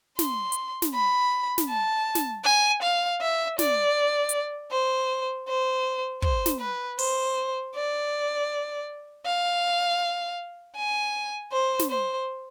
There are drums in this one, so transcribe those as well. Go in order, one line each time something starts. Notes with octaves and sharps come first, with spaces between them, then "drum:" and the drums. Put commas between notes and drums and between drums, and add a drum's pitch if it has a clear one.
C6, drum: snare
drum: hi-hat
drum: snare
B5
drum: snare
A5
drum: snare
G#5
F5
E5
D5, drum: snare
drum: hi-hat
C5
C5
C5, drum: kick
drum: snare
B4
C5, drum: open hi-hat
D5
F5
G#5
C5
drum: snare
C5